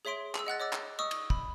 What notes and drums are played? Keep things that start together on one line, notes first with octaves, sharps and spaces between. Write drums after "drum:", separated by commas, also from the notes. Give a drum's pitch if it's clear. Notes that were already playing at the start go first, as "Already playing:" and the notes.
G#4 C#5 E5 C6 D7
G#4 E6, drum: clap
D#5 F#5 F#6 A6
C#5 D#5 D6 E6 A6
drum: clap
D#5 C#6 D#6 E6
drum: cymbal
B5, drum: kick